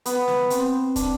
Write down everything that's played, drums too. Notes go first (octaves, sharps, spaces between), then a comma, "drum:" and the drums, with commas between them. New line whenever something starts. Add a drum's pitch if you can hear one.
B3, drum: hi-hat
drum: snare
C4, drum: hi-hat
D4, drum: kick, hi-hat